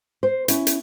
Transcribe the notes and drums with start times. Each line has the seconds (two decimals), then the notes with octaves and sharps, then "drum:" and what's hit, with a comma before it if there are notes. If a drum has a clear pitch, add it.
0.23 C5
0.48 C#4 E4, drum: hi-hat
0.67 drum: hi-hat